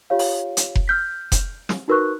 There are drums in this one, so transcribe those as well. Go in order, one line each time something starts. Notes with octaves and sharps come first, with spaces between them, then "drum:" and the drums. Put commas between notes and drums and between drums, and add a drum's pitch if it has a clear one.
F4 G4 C#5 F5
drum: open hi-hat
drum: hi-hat
drum: kick F1
F6 G6 B6
drum: kick F1, hi-hat
drum: snare
D#4 F#4 A#4 B4 C#6 F#6